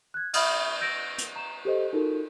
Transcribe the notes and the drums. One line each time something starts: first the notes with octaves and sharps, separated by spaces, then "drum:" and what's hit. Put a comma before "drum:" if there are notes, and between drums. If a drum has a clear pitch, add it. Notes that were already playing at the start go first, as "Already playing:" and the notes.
F#6 G#6
E5 B5 D#6 F6, drum: cymbal
E6 G6 A#6 D7
drum: hi-hat
A#5 E7
G4 A4 C5 D#5
D#4 F4 F#4 A4 A#4